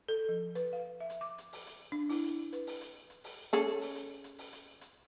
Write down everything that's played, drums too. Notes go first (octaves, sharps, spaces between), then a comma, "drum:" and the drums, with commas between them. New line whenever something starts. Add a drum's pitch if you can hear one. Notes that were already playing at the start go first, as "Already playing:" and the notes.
A4
F3
B4, drum: hi-hat
F5
E5
drum: hi-hat
D6
drum: hi-hat
drum: open hi-hat
drum: hi-hat
D4
E4, drum: open hi-hat
drum: hi-hat
B4, drum: hi-hat
drum: open hi-hat
drum: hi-hat
drum: hi-hat
drum: open hi-hat
C#4 G#4 A4
drum: hi-hat
drum: open hi-hat
drum: hi-hat
drum: hi-hat
drum: open hi-hat
drum: hi-hat
drum: hi-hat